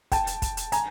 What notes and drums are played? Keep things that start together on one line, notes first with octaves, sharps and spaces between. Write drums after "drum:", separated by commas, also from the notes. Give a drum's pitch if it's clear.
G5 A5, drum: kick, hi-hat
drum: hi-hat
drum: kick, hi-hat
drum: hi-hat
G#5 A#5, drum: hi-hat